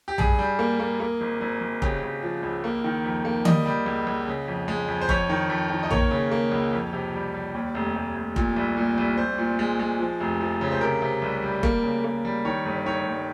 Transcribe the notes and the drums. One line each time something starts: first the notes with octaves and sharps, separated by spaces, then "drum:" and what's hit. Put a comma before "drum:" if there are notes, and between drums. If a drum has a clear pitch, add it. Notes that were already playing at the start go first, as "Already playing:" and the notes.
G4
G2 G#4, drum: tom A#1
G3
A#3
A#3
A#3
G#1
G#1
G#1
C#3 G4, drum: kick F1
C#3
F3
C#2
A#3
D#3
F2
A#3
G3 D#5, drum: tom D#3
G3
C#2
C#2
C#3
F2
G#3
F2
C5
F2 C#5, drum: kick F1
D#3
F2
D#3
D#5
A#3 C#5, drum: tom A#1
C#3
A#3
C#2
F2
C3
G3
G3
D#2
F1
F1
F1
A#2, drum: kick F1
C2
A#2
C2
C2 C5
A#2
G#3
G#3
F3
F1
F3
C#3
C5
C3 A#4
C3
C2
G3
A#3, drum: kick F1
C#3
A#3
G3
D#3 C#5
G1
D#3 C#5
G1